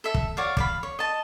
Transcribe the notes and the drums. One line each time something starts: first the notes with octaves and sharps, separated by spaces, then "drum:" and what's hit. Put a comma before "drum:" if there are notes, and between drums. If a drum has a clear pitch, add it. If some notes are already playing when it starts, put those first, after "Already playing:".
A4 E5
drum: kick
F#4 C#5 D5 F5
D5 F5 B5, drum: kick
C#5
D#5 A5